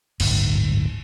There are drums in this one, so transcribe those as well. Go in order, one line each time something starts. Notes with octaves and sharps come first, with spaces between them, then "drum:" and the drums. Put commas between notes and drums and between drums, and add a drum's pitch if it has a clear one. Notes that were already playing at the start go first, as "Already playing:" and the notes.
D1 G1 G#2, drum: cymbal